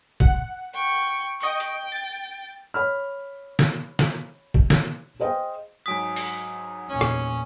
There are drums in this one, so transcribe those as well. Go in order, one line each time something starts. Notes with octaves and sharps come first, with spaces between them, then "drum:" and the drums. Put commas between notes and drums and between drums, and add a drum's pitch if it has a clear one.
F#5, drum: kick
G5 C#6
D#5 G5 C#6
drum: hi-hat
A6
C#5 B5 F6
drum: snare
drum: snare
drum: kick
drum: snare
G#4 C5 D#5 F5 G5
G#2 F#3 G#5 D#6 B6
drum: open hi-hat
E2 A#2 C#4
drum: rim click